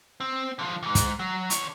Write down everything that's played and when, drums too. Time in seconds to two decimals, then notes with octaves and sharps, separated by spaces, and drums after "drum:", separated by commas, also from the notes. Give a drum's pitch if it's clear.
0.20 C4
0.59 D3 F3
0.83 D#2 G#2
0.95 drum: kick, hi-hat
1.19 F#3
1.50 D3 C#5, drum: hi-hat